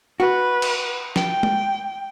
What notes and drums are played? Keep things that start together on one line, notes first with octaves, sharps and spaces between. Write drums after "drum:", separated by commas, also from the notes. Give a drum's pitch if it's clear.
F#4 B4
drum: cymbal
G5, drum: snare
drum: tom